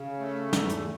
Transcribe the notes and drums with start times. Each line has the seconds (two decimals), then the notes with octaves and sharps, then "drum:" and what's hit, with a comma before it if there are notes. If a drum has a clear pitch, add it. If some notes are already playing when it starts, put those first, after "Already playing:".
Already playing: C#3
0.19 A3
0.53 E2, drum: snare
0.69 drum: hi-hat